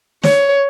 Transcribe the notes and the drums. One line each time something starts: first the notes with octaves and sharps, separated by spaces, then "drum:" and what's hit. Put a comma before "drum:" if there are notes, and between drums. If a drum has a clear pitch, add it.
C#5, drum: snare